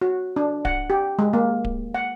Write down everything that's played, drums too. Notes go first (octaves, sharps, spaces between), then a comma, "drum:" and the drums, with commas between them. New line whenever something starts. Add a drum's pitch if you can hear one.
F#4
D4
F#5, drum: kick D1
G4
G#3
A#3
drum: kick D1
F#5